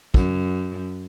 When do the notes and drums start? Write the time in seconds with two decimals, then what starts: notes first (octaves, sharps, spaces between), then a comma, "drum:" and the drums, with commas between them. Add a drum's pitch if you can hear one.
0.14 F#2, drum: kick